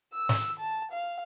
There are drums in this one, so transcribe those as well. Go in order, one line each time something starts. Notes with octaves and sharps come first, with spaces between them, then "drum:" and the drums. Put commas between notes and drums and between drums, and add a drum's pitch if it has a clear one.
E6
drum: snare
A5
F5